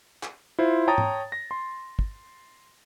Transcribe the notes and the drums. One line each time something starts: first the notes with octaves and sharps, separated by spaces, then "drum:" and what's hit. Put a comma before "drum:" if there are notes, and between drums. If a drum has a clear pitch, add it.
drum: clap
E4 F4 C5
C#5 G5 A5 A#5 D#6 A6
drum: tom G#2
A#6
C6
drum: kick